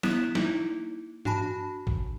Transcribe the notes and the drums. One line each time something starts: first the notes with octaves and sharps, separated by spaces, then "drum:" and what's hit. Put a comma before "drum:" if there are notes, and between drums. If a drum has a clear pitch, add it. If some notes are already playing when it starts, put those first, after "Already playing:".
B3 E4 F#6 B6 E7, drum: snare
A#3 D#4 E4, drum: snare
D4 F#4 G#5 A5 B5, drum: tom G2
drum: kick G#1